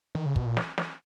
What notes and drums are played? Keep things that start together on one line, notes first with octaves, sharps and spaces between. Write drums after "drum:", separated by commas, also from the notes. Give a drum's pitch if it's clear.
D#3
C#3
B2, drum: kick
A#2
drum: snare
drum: snare